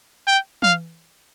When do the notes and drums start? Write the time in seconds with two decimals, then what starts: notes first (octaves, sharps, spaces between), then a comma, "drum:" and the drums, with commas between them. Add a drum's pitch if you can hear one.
0.27 G5
0.62 F5, drum: tom E3